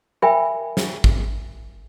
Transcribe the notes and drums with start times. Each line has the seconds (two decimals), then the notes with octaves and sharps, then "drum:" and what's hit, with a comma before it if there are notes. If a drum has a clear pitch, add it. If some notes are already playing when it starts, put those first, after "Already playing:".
0.22 A#4 E5 G5 G#5 B5
0.77 drum: snare
1.04 drum: kick A1